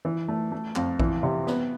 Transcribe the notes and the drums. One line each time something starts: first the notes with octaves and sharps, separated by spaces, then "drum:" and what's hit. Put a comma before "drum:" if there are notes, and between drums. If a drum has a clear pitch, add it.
E3
A3
A3
F2, drum: clap
E3, drum: kick A#1
C3
B3, drum: snare